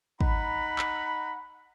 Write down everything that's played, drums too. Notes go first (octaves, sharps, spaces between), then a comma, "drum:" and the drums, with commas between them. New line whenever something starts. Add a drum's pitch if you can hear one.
D#4 F#5 A#5 B5, drum: kick
drum: clap